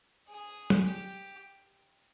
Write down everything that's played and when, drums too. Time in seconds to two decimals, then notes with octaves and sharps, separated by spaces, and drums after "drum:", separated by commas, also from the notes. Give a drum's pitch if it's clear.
0.29 G#4
0.70 drum: tom F#3
0.86 G4